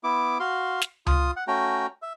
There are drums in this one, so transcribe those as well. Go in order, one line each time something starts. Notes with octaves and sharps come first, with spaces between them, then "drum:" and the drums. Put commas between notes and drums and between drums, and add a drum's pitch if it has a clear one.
B3 E4 D6
F#4 F5 C6
drum: snare
F4 D#6, drum: tom C#2
F#5
A3 C#4 F#4 G5 A#5
E5